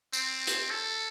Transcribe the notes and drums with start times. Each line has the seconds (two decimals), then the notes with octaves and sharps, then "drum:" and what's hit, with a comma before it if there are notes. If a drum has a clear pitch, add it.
0.13 C4, drum: tambourine
0.47 drum: hi-hat
0.70 A4